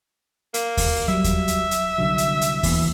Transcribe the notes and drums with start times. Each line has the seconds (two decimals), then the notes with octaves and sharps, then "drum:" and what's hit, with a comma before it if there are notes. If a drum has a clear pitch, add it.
0.54 A#3, drum: hi-hat
0.77 drum: kick D#2, open hi-hat
1.08 F#3 G3 E5
1.24 drum: kick D#2, hi-hat
1.48 drum: hi-hat
1.71 drum: hi-hat
1.98 C2 D3 F#3
2.18 drum: hi-hat
2.41 drum: hi-hat
2.63 E3 A#3 B3, drum: kick D#2, open hi-hat